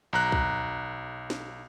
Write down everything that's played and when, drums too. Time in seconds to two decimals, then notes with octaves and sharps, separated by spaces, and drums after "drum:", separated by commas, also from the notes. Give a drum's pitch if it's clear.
0.13 B1 A#5 F#6
0.32 drum: kick B1
1.30 drum: snare